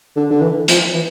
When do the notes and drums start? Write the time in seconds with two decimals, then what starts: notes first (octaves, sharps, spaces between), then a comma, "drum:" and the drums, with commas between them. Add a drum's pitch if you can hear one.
0.16 D3
0.30 D3
0.41 E3
0.68 F3, drum: hi-hat
0.94 E3